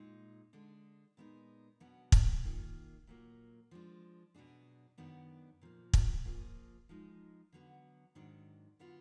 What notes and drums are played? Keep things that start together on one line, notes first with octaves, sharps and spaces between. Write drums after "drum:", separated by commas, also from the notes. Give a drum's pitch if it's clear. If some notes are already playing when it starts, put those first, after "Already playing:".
Already playing: A#2 G#3 D#4
D3 G#3 D4
A#2 G#3 B3 D#4
B2 F#3 B3 D4
drum: kick
D#3 A#3 F4 G#4
A#2 F#3 A#3
F3 G#3 D4
B2 F#3 D4 G#4
F#2 D#3 F#3 B3 D4
A#2 F3 A#3
drum: kick
F3 A#3 F4 G#4
F3 G#3 D#4
D3 F#3 B3
G#2 D#3 F#3 D4
D3 F#3 B3 F4